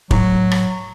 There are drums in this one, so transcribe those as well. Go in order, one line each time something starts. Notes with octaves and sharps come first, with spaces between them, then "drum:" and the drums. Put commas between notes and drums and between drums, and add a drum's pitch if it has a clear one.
A2 F#3, drum: kick
drum: rim click